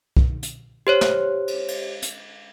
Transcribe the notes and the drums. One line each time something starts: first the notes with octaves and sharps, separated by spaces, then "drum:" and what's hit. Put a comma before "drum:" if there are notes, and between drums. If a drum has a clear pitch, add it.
drum: kick
drum: hi-hat
G4 C5 C#5
drum: snare
drum: cymbal
drum: cymbal
drum: hi-hat